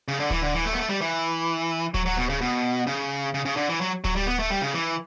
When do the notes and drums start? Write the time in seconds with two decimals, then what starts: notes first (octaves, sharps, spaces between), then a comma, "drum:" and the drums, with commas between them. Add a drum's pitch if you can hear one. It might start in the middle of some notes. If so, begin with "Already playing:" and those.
0.08 C#3
0.20 D3
0.30 E3, drum: kick D1
0.42 D3
0.54 E3
0.66 A3
0.74 B3
0.77 A3
0.89 G3
1.01 E3
1.94 F#3, drum: kick D1
2.06 F#3
2.17 B2
2.29 C#3
2.41 B2
2.87 C#3
3.34 C#3
3.45 C#3
3.56 D3
3.69 E3
3.81 F#3
4.04 F#3, drum: kick D1
4.16 G3
4.27 B3
4.39 A3
4.50 G3
4.62 C#3
4.74 E3